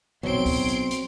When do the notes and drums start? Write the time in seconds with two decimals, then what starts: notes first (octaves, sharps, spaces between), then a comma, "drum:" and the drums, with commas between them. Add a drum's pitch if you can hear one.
0.23 B1 B2 F#3 C4 C6 D7
0.46 drum: kick, open hi-hat
0.68 drum: hi-hat
0.91 drum: hi-hat